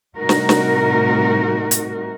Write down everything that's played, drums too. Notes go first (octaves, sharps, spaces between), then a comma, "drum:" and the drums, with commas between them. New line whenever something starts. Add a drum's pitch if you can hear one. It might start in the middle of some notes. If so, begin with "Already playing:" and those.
A2 C3 G3 D#4 F#4 A#4
drum: snare
drum: snare
drum: hi-hat